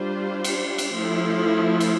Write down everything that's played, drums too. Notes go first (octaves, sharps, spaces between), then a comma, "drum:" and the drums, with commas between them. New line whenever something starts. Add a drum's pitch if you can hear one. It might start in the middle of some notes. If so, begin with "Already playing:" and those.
Already playing: G3 D4 F4 C5
drum: cymbal
drum: cymbal
F3 A3 E4
drum: cymbal